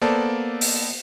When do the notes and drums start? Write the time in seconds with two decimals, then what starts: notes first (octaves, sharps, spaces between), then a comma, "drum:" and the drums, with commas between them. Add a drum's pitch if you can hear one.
0.01 A#3 B3 A4 C5 D5 A5
0.61 drum: open hi-hat